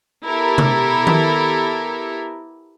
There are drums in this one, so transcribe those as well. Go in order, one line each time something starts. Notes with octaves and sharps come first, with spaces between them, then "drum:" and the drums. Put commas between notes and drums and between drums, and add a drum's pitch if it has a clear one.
B3 E4 G4 A4 A#4
drum: tom C3
drum: tom D#3